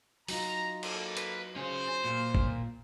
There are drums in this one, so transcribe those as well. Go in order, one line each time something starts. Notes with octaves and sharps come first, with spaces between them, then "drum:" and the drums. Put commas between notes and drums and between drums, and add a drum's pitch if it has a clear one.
F#3 D#4 F4 A#5, drum: open hi-hat
A#3 A4, drum: cymbal
B4, drum: hi-hat
C#4 G#4 C5
A#2
drum: kick G#1